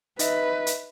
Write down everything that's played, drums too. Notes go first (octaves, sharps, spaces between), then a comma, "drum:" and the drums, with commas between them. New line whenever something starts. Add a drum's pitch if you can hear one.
D#4 B4 D#5 E5, drum: hi-hat
drum: hi-hat